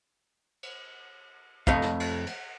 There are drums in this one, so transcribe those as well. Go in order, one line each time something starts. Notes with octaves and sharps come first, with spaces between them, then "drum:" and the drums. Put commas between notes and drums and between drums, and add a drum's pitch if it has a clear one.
drum: cymbal
F2 A3 D#5 F5, drum: kick
drum: snare
drum: cymbal
drum: cymbal